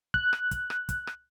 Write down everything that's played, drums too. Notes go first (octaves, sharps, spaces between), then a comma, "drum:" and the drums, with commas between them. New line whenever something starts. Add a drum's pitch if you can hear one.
F#6, drum: kick
drum: rim click
drum: kick, hi-hat
drum: rim click
drum: kick, hi-hat
drum: rim click